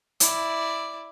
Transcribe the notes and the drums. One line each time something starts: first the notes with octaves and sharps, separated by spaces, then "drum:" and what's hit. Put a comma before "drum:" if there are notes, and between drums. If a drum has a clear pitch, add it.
E4 D5, drum: hi-hat